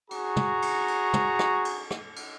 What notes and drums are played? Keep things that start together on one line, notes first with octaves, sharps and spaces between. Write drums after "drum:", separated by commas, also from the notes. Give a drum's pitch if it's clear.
F#4 G#4 A#5 C#6, drum: cymbal
drum: tom
drum: cymbal
drum: cymbal
drum: tom
drum: rim click
drum: cymbal
drum: rim click
drum: cymbal